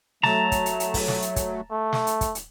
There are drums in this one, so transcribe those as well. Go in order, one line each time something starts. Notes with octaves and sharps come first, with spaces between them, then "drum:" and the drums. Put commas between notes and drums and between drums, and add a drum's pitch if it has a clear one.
F#3 A3 A5 A#5, drum: snare
drum: kick, hi-hat
drum: hi-hat
drum: hi-hat
drum: kick, open hi-hat
drum: snare
drum: hi-hat
drum: kick, hi-hat
A3
drum: snare
drum: hi-hat
drum: kick, hi-hat
drum: hi-hat